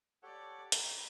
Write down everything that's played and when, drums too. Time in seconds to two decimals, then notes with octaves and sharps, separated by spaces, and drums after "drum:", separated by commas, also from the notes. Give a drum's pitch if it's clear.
0.23 G4 A4 C#5 D5 F#5
0.72 B4 G5 A#5 B5, drum: hi-hat